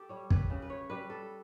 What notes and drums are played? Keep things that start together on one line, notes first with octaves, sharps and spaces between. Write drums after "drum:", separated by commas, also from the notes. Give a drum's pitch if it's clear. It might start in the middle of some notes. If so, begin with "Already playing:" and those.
Already playing: G4 A4
G3 C#5
B4, drum: kick
C#3
B4
C#5
G3 B4
A4